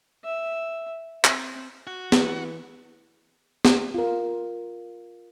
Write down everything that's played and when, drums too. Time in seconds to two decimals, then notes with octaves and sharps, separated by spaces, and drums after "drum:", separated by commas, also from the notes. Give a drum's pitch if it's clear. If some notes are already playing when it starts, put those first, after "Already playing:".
0.24 E5
1.24 C4, drum: clap
1.87 F#4
2.12 E3, drum: snare
3.65 drum: snare
3.94 F4 A#4